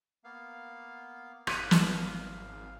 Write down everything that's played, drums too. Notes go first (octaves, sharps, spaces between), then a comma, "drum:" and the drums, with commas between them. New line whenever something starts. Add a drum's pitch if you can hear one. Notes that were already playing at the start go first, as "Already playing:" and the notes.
A#3 B3 F5
G#1 F5 F#6 B6 D#7, drum: rim click
drum: snare